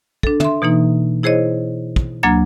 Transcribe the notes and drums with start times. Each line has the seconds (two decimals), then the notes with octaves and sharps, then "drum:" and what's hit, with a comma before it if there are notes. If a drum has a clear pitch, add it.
0.23 D4 A4, drum: kick
0.40 E5 C6, drum: tom
0.62 B2 E3 A#3 D#4
1.23 E4 G#4 C5 C#5 D#5
1.96 drum: kick
2.23 D2 F#3 A#3 D4 A#5 G#6